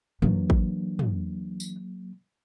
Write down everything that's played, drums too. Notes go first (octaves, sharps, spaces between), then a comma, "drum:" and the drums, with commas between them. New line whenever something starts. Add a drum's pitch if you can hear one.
E3 F#3 A#3 D4, drum: tom
drum: kick
drum: tom
drum: tambourine